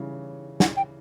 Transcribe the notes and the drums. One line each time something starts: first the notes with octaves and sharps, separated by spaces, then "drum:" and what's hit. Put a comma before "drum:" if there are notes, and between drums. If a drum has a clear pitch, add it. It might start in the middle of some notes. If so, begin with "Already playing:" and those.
Already playing: C#3 E3 G3
F#5, drum: snare
G5